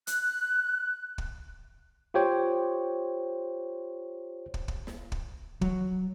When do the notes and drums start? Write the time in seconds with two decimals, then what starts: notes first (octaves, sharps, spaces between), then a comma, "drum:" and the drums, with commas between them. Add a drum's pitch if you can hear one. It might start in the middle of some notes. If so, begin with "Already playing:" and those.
0.07 F#6, drum: hi-hat
1.18 drum: kick
2.14 F4 G4 C5 C#5 G5
4.54 drum: kick
4.68 drum: kick
4.87 drum: snare
5.12 drum: kick
5.61 F#3, drum: kick